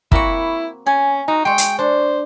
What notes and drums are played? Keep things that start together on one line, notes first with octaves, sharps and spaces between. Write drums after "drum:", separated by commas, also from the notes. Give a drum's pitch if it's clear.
A#3 C4 E4 F#4 B5 C#6, drum: kick
C#4 G#5
D#4 F#4
G#3 G5 C6 C#6
drum: hi-hat
D4 C5